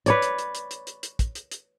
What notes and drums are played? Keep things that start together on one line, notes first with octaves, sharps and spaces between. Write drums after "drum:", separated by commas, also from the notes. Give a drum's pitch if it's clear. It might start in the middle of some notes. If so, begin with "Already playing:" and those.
B4 C#5 D5, drum: hi-hat
drum: hi-hat
drum: hi-hat
drum: hi-hat
drum: hi-hat
drum: hi-hat
drum: hi-hat
drum: kick, hi-hat
drum: hi-hat
drum: hi-hat